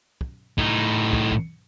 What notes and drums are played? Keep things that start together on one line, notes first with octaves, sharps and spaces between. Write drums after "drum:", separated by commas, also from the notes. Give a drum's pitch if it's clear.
drum: kick
A2 D#4, drum: kick
drum: kick
drum: kick